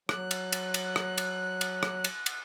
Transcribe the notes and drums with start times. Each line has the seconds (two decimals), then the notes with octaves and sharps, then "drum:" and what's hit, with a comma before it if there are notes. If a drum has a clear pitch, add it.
0.09 F#3 F#6, drum: rim click
0.31 drum: cymbal
0.52 drum: cymbal
0.74 drum: cymbal
0.96 drum: rim click
1.18 drum: cymbal
1.61 drum: cymbal
1.83 drum: rim click
2.04 drum: cymbal
2.26 drum: cymbal